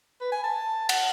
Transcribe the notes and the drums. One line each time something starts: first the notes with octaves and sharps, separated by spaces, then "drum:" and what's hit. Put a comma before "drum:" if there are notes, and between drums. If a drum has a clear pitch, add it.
B4
G#5
A5
F#5, drum: cymbal